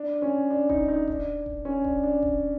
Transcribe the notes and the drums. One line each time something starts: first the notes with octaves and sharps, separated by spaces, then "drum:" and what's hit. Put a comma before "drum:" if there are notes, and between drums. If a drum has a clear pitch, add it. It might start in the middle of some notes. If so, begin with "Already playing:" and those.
Already playing: D4
C#4
D4
D#4, drum: kick D#1
D#4
D4, drum: kick D#1
drum: kick D#1
C#4
D4, drum: kick D#1
D4
drum: kick D#1